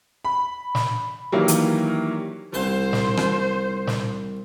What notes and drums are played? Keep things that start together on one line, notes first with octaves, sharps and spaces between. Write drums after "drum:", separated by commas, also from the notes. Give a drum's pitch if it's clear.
B5
drum: snare
D#3 E3 F#3 G3 A#3
drum: hi-hat
C2 C5 A5 C6
drum: snare
drum: rim click
drum: snare